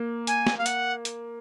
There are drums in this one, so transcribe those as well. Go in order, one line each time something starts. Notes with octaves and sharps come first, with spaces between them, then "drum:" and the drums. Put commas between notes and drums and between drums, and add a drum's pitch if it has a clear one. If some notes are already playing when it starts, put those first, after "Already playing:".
Already playing: A#3
G#5, drum: hi-hat
drum: snare
F5
F#5, drum: hi-hat
drum: hi-hat